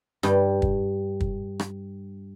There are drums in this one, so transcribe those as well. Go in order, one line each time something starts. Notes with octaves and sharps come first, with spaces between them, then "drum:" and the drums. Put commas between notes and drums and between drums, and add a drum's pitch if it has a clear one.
G2, drum: rim click
drum: kick
drum: kick
drum: rim click